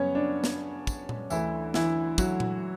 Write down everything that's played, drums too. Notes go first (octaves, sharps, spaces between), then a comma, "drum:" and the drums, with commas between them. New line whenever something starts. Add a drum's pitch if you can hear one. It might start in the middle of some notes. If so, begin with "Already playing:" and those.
Already playing: F#2 C#3 G3 B3 C#4 C#5
D4
drum: snare
drum: kick, tambourine
drum: tom A#2
D2 D3 E3 A3 E4, drum: tambourine
E3 E4, drum: snare
F#3 F#4, drum: kick, tambourine
drum: tom A#2